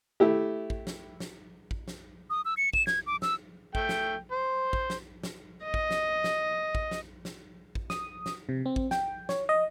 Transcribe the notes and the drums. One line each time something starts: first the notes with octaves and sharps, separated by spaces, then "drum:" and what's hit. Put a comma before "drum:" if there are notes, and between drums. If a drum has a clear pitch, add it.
A3 E4 G4
drum: kick
drum: snare
drum: snare
drum: kick
drum: snare
D#6
E6
C#7
E7, drum: kick
G#6, drum: snare
D6
E6, drum: snare
A3 G5, drum: kick
drum: snare
C5
drum: kick
drum: snare
drum: snare
D#5
drum: kick
drum: snare
drum: snare
drum: kick
drum: snare
drum: snare
drum: kick
D#6, drum: snare
drum: snare
C3
C4
drum: kick
G5, drum: snare
C#5, drum: snare
D#5